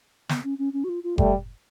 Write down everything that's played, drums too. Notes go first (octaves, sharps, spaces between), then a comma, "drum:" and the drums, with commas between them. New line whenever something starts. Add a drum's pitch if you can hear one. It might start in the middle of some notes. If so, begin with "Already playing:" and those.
B3, drum: snare
C#4
C#4
C#4
F#4
F4
F4
G3 A3, drum: kick F#1